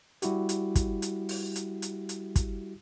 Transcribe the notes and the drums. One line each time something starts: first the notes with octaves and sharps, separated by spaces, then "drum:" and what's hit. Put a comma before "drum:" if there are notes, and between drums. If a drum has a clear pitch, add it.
G3 E4 F#4 G4, drum: hi-hat
drum: hi-hat
drum: kick, hi-hat
drum: hi-hat
drum: open hi-hat
drum: hi-hat
drum: hi-hat
drum: hi-hat
drum: kick, hi-hat